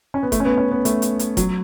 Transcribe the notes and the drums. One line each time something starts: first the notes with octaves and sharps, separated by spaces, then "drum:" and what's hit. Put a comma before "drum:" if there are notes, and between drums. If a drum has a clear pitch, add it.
C#4
B3
A3, drum: kick F#1, hi-hat
C#4
B3
C#4
B3
A3, drum: hi-hat
drum: hi-hat
drum: hi-hat
F#3, drum: kick F#1, hi-hat